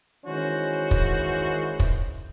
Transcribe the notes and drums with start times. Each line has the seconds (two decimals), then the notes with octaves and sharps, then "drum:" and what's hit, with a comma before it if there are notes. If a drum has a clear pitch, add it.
0.25 D#3 E3 G#3 C#4 F#4 C5
0.91 drum: kick
1.80 drum: kick